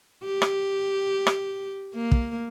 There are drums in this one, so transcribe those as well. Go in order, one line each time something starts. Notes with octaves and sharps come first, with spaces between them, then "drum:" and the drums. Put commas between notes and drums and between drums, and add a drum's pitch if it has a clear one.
G4
drum: rim click
drum: rim click
A#3
drum: kick